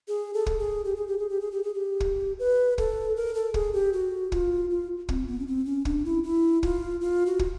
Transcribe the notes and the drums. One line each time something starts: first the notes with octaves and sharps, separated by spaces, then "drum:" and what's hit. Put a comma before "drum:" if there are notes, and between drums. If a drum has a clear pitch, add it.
G#4
A4
drum: kick
G#4
G4
G#4
G4
G#4
G4
G#4
G4
G#4
G4
drum: kick
B4
A4, drum: kick
A#4
A4
G#4, drum: kick
G4
F#4
F4, drum: kick
F4
C4, drum: kick
B3
C#4
C4
C#4
D4, drum: kick
E4
E4
F4, drum: kick
F4
F#4
drum: kick